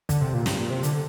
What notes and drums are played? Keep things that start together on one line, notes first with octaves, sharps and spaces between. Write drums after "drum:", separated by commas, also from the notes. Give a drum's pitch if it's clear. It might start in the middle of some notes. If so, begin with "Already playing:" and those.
D3, drum: kick, hi-hat
C3
A#2
G2, drum: snare
A#2
C3
D3, drum: hi-hat